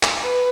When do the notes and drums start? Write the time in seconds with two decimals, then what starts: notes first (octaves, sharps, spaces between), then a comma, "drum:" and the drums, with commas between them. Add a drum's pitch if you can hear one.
0.03 drum: clap
0.22 B4